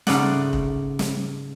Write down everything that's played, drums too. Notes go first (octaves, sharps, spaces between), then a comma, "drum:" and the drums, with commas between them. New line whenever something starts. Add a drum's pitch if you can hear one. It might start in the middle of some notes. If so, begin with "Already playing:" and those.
G#2 C#3 A3 B3 D5 F#5, drum: snare
drum: kick
drum: snare